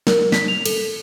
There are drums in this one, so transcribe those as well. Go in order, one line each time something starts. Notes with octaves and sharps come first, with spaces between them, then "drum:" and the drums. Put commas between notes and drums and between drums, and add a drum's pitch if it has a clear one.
A#4, drum: snare
B6, drum: snare
F7
A4, drum: cymbal